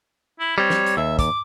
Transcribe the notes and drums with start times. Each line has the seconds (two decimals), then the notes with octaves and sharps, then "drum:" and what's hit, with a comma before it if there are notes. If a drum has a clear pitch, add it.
0.39 E4
0.58 G3 C4 C#5
0.70 drum: snare
0.86 drum: hi-hat
0.97 D#2 E5
1.19 D6, drum: kick, hi-hat